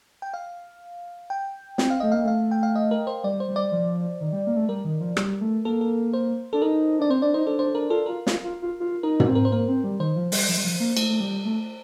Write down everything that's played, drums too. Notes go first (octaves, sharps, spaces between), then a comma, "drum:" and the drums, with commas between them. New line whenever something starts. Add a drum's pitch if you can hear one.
G5
F5
G5
C4 G5, drum: snare
F5
A3 D#5
A#3 F5
A3 F5
G5
F5
D#5
A#4
C5
G3 D5
C5
G3
D5
F3
D#3
G3
A#3
A3
G3 A#4
D#3
F3
G3, drum: rim click
A3
A#3 A4
A4
C5
D4 A4
D#4 A#4
D4 D5
C4 C5
D4 D5
D#4 C5
D4 A4
D4 C5
D4 A#4
F4 A4
F4 A#4
F4, drum: snare
F4
F4
F4
D#4 A#4
A#4, drum: tom
C4
A#4
C5
A#3 A#4
C4
G3
D#3 C5
F3
G3, drum: open hi-hat
F3
G3
F3
A#3
A3, drum: cymbal
A3
G3
A3